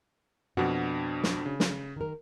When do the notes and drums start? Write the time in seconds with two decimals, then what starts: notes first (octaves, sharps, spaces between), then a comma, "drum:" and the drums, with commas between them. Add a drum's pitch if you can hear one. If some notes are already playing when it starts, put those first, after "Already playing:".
0.57 F2 B2 D4 F#4 F#5
1.23 drum: snare
1.46 C#3
1.60 drum: snare
1.96 D#3 A#4